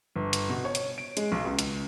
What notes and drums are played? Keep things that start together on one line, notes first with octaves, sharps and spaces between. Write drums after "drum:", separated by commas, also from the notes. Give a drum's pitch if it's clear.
G1
drum: hi-hat
B2
C#5
drum: hi-hat
D7
G#3, drum: hi-hat
B1
C#2
drum: hi-hat